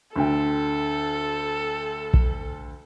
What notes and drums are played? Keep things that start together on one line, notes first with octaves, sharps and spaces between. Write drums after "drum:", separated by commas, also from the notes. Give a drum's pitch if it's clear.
D2 D3 A4 G5
drum: kick A#1